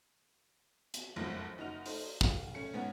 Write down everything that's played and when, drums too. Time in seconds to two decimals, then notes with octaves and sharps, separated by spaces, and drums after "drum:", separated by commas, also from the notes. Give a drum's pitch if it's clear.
0.94 drum: hi-hat
1.16 F#1 B1 F2 G#2 F3 F#3
1.58 F#1 D#4 F#4 F6 F7
1.86 A3 D#4 C5, drum: open hi-hat
2.21 F4, drum: kick
2.54 A3 C#4 C#7
2.74 G#2 B3 C#4 C#5